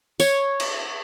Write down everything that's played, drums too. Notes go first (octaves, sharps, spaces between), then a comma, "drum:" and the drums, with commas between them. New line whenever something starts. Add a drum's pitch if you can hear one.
C#5, drum: tambourine
drum: cymbal